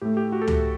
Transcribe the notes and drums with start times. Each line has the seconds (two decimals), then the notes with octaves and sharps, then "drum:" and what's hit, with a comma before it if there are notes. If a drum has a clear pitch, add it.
0.01 A2 A3 G4
0.17 G4
0.32 F#4
0.42 A4
0.48 G4, drum: tom C#2